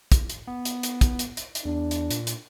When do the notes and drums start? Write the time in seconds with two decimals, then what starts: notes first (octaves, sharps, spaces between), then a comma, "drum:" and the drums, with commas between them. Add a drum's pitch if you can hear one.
0.12 drum: kick, hi-hat
0.30 drum: hi-hat
0.47 B3
0.65 drum: hi-hat
0.83 drum: hi-hat
1.01 drum: kick, hi-hat
1.19 drum: hi-hat
1.37 drum: hi-hat
1.55 drum: hi-hat
1.65 E2 D4
1.91 drum: hi-hat
2.11 A#2, drum: hi-hat
2.27 drum: hi-hat